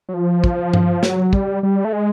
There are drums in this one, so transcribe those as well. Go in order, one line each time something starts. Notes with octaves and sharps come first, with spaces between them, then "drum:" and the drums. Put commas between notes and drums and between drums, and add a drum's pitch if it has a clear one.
F#3
F3
drum: kick
drum: tom G2
F#3, drum: snare
G3, drum: kick
G3
A3
G#3